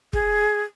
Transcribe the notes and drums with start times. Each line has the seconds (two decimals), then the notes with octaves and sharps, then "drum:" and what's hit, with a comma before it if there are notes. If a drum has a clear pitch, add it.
0.13 G#4, drum: kick